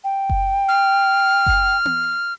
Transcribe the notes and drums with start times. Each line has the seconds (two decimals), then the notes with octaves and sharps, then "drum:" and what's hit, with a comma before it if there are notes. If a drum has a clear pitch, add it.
0.04 G5
0.30 drum: kick F#1
0.68 F6
1.46 drum: kick F#1
1.85 drum: tom B3